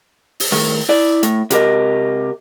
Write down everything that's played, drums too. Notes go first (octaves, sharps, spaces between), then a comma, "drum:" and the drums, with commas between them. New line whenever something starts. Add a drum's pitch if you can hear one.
drum: open hi-hat
A2 D#3
E4 D5
A2, drum: hi-hat
C3 G4 A#4 D#5, drum: hi-hat